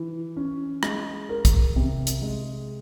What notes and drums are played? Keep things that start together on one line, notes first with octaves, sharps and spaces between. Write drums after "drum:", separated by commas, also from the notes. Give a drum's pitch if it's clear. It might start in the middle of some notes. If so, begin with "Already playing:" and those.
Already playing: E3
C#4
G#3, drum: rim click
A#4
drum: kick, hi-hat
C3
drum: hi-hat
G#3